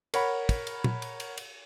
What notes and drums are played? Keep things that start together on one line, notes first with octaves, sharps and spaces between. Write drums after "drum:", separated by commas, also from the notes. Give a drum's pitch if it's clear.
A#4 C#5 F#5 B5, drum: cymbal
drum: kick, cymbal
drum: cymbal
drum: tom A#2
drum: cymbal
drum: cymbal
drum: cymbal